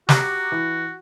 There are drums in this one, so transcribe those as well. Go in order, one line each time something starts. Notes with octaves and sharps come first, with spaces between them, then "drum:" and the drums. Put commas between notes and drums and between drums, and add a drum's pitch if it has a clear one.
F#4 G4 A#5 D6, drum: snare
E3